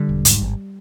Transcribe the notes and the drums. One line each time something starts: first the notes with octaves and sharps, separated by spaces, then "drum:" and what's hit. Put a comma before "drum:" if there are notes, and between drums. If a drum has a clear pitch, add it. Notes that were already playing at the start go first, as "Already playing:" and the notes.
Already playing: D3 G3
E1
G#2, drum: hi-hat
G#1